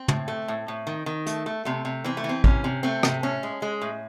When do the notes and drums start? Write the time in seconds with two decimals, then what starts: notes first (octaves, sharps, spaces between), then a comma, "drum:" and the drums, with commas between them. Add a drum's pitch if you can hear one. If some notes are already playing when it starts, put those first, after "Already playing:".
Already playing: C4
0.08 A2, drum: tom
0.28 A3
0.48 A2
0.68 A2
0.87 D#3
1.06 D#3
1.26 A3, drum: hi-hat
1.46 A3
1.65 C3 A3
1.85 C3
2.04 E3 C4
2.17 A3
2.24 E3
2.29 C4
2.44 C3 C#4, drum: kick
2.64 C3
2.83 A3 C4
3.03 C3, drum: rim click
3.23 A2 C#4
3.43 G#3
3.62 G#3
3.81 A2